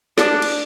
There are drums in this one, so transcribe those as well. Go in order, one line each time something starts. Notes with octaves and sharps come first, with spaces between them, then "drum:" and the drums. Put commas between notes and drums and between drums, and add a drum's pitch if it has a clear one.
D4, drum: snare
drum: cymbal